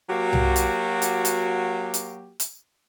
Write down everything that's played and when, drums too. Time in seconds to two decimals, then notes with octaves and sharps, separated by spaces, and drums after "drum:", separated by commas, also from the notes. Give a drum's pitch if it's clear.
0.10 F#3 A#3 F#4 G4
0.33 drum: tom C2
0.56 drum: hi-hat
1.02 drum: hi-hat
1.25 drum: hi-hat
1.94 drum: hi-hat
2.40 drum: hi-hat